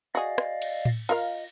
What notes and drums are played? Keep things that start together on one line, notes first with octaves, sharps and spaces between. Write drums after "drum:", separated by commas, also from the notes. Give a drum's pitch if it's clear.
F#4 G#4 D5 D#5 F5
drum: rim click
drum: cymbal
drum: tom A2
F4 A#4 D#5 F5, drum: cymbal